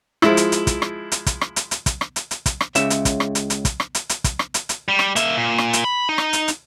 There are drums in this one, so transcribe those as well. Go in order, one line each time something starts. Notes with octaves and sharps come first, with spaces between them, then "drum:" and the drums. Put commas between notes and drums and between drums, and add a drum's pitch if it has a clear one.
F3 G#3 E4, drum: rim click
drum: hi-hat
drum: hi-hat
drum: kick, hi-hat
drum: rim click
drum: hi-hat
drum: kick, hi-hat
drum: rim click
drum: hi-hat
drum: hi-hat
drum: kick, hi-hat
drum: rim click
drum: hi-hat
drum: hi-hat
drum: kick, hi-hat
drum: rim click
C#2 C#3 E5, drum: hi-hat
drum: hi-hat
drum: kick, hi-hat
drum: rim click
drum: hi-hat
drum: hi-hat
drum: kick, hi-hat
drum: rim click
drum: hi-hat
drum: hi-hat
drum: kick, hi-hat
drum: rim click
drum: hi-hat
drum: hi-hat
G3
drum: rim click
A#3 E5, drum: hi-hat
A#2
drum: rim click
drum: hi-hat
B5
D#4
drum: rim click
drum: hi-hat
drum: hi-hat